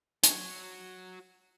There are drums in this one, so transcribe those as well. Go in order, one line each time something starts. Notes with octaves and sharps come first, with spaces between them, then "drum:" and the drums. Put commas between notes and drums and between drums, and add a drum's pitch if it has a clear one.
F#4 C#5, drum: hi-hat